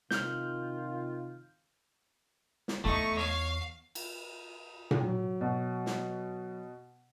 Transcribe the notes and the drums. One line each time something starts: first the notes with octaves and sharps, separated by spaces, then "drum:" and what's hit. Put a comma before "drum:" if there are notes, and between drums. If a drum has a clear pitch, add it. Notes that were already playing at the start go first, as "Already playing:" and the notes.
C3 D#3 F4 F6 G6, drum: snare
drum: snare
E2 A3 D#4 C#6
C#5 F5
drum: cymbal
drum: tom A#2
F#3
B2
drum: snare